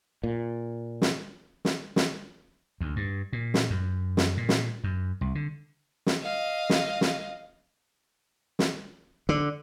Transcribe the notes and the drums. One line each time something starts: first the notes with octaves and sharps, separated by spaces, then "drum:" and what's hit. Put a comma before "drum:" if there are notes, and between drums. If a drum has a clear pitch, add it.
A#2
drum: snare
drum: snare
drum: snare
D2
G2
A#2
drum: snare
F#2
drum: snare
A#2
drum: snare
F#2
C2
D3
drum: snare
D#5 F5
drum: snare
drum: snare
drum: snare
D3